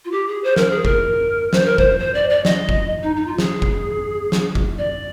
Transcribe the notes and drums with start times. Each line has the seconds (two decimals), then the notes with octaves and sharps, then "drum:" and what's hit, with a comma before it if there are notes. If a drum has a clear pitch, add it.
0.05 F4
0.12 G4
0.28 G#4
0.44 C5
0.56 A#4, drum: snare
0.71 G#4
0.85 A#4, drum: kick
1.53 C5, drum: snare
1.65 A#4
1.78 C5, drum: kick
1.99 C5
2.14 D5
2.30 D5
2.45 D#5, drum: snare
2.69 drum: kick
3.03 D#4
3.16 D#4
3.26 F4
3.38 G#4, drum: snare
3.62 drum: kick
4.32 drum: snare
4.55 drum: kick
4.78 D5